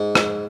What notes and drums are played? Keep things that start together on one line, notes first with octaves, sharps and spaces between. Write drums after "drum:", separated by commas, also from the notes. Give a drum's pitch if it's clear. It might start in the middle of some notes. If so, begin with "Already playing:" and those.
Already playing: G#2
drum: rim click